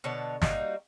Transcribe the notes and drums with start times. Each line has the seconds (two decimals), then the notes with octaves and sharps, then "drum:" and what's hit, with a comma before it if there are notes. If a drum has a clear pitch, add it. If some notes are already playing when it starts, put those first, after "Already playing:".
0.04 B2 D3 C#5 A5
0.42 G3 A#3 D#4 F#4, drum: snare